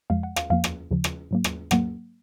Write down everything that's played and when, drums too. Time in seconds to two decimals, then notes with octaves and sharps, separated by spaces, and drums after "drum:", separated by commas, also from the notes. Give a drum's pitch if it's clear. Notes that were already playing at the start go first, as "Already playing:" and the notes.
0.10 F2 F3 G#3 F5
0.23 F#5
0.36 F5, drum: rim click
0.50 F2 F3 A#3 F5
0.64 drum: rim click
0.91 D#2 C#3 F3
1.04 drum: rim click
1.31 G#2 F#3 A#3
1.44 drum: rim click
1.71 G#2 F#3 A#3 F#5, drum: rim click